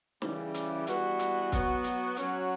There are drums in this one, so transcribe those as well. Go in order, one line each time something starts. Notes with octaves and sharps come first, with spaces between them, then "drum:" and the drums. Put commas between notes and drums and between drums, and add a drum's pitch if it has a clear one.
C#3 E3 G3, drum: snare
drum: hi-hat
E3 G3 B3 F#4, drum: hi-hat
drum: hi-hat
F#3 B3 F#4, drum: kick, hi-hat
drum: hi-hat
F#3 C#4 F#4, drum: hi-hat